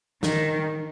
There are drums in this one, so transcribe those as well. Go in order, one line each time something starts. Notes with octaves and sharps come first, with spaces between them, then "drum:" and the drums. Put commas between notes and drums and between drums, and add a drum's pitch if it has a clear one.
D#3, drum: snare